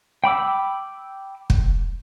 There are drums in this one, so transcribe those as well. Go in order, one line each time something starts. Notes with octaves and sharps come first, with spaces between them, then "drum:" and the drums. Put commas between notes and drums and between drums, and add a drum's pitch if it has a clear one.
G5 B5 D6 E6
drum: kick